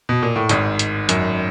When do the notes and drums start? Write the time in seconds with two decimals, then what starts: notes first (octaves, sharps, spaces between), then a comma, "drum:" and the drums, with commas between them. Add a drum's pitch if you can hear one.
0.09 B2
0.23 A#2
0.36 A2
0.49 G#1 G#2, drum: hi-hat
0.79 drum: hi-hat
1.09 F#2, drum: hi-hat